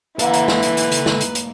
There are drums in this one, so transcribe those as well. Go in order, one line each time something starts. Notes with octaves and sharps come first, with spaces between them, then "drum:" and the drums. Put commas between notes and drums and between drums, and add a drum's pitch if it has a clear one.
E3 A#3 D#4 A4 B4 E5 F#5, drum: hi-hat
drum: hi-hat
drum: snare
drum: hi-hat
drum: hi-hat
drum: hi-hat
drum: snare
drum: hi-hat
drum: hi-hat